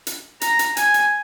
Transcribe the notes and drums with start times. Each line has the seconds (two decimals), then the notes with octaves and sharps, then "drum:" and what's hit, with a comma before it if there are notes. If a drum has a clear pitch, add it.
0.07 drum: hi-hat
0.41 A#5, drum: hi-hat
0.59 drum: hi-hat
0.77 G#5, drum: hi-hat
0.94 drum: hi-hat